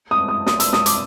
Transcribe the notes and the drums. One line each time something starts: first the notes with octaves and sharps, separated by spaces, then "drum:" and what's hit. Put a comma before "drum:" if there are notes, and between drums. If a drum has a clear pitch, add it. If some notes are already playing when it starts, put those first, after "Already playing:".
D#6
D#6
D#6, drum: snare
E6, drum: hi-hat
D#6, drum: snare
D6, drum: hi-hat